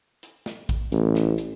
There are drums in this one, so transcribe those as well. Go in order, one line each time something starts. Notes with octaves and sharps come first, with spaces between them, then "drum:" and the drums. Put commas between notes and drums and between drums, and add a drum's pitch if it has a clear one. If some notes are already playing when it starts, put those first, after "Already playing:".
drum: hi-hat
drum: snare
drum: kick A1, hi-hat
A1, drum: hi-hat
drum: snare
drum: hi-hat